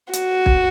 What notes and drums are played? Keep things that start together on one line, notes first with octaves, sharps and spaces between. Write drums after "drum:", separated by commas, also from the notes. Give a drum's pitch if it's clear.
F#4, drum: hi-hat
drum: kick